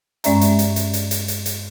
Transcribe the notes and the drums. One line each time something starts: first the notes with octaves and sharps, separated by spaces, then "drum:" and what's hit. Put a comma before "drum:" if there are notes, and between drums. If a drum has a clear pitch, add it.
G2 G#3 C#4 D5 E5 A#5, drum: hi-hat
drum: hi-hat
drum: hi-hat
drum: hi-hat
drum: hi-hat
drum: hi-hat
drum: hi-hat
drum: hi-hat